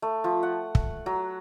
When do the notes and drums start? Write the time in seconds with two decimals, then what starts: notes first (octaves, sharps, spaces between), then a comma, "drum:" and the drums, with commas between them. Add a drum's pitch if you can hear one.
0.02 A3
0.24 F3
0.43 F#5
0.75 drum: kick
1.06 F#3